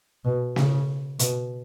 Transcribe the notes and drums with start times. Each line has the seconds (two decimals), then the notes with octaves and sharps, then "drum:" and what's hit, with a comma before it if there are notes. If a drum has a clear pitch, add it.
0.25 B2
0.56 C#3, drum: snare
1.19 B2, drum: hi-hat